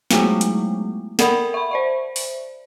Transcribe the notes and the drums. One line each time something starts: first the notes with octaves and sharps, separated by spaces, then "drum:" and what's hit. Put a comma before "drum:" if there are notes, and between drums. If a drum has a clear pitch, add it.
F#3 G#3 A3 B3 D#4 E4, drum: snare
drum: hi-hat
A4 A#4 D5 F#5 B5, drum: snare
E5 B5
C5 D5 E5
drum: open hi-hat